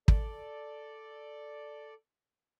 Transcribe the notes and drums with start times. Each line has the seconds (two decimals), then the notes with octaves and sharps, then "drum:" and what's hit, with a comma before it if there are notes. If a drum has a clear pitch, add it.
0.08 A4 D5, drum: kick